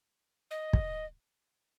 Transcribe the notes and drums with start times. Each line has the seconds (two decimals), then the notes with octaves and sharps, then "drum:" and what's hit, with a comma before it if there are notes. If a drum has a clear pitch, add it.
0.51 D#5
0.73 drum: kick